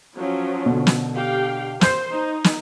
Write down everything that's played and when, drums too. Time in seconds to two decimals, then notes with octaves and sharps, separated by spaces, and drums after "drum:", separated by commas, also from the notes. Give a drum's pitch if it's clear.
0.16 F3 F#3 C#4
0.66 B2 D3
0.87 drum: snare
1.16 G4 F5 G5
1.81 C5 G6 C7, drum: snare
2.12 D#4
2.44 drum: snare